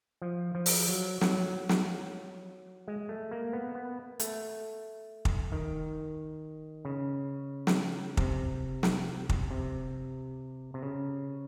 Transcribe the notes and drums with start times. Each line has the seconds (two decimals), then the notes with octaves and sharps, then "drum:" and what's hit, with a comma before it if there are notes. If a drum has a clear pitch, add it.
0.22 F3
0.55 F3
0.66 drum: open hi-hat
0.88 F#3
1.21 F#3, drum: snare
1.69 drum: snare
2.88 G#3
3.09 A3
3.31 A#3
3.53 B3
3.75 B3
4.19 A3, drum: hi-hat
5.25 drum: kick
5.52 D#3
6.85 C#3
7.67 drum: snare
8.17 C3, drum: kick
8.83 drum: snare
9.29 drum: kick
9.51 C3
10.74 C3
10.83 C#3